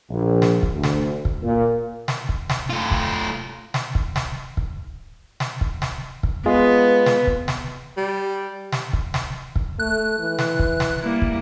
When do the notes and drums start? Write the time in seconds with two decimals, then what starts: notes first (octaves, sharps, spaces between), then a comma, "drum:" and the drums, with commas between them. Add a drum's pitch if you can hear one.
0.10 A#1
0.42 drum: snare
0.63 drum: kick
0.74 D2
0.83 drum: snare
1.25 drum: kick
1.43 A#2
2.08 drum: snare
2.29 drum: kick
2.50 drum: snare
2.70 A3 F4
2.91 drum: kick
3.74 drum: snare
3.95 drum: kick
4.16 drum: snare
4.57 drum: kick
5.40 drum: snare
5.61 drum: kick
5.82 drum: snare
6.23 drum: kick
6.46 G#3 B3 F4 G#4
7.06 drum: snare
7.27 drum: kick
7.48 drum: snare
7.97 G3
8.72 drum: snare
8.93 drum: kick
9.14 drum: snare
9.56 drum: kick
9.79 A3 F#6
10.19 E3
10.39 drum: snare
10.59 drum: kick
10.80 drum: snare
11.01 G3 A#3 E4
11.22 drum: kick